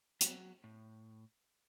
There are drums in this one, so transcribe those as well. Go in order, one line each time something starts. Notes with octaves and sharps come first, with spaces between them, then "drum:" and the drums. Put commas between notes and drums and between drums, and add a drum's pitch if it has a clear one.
F#3, drum: hi-hat
A2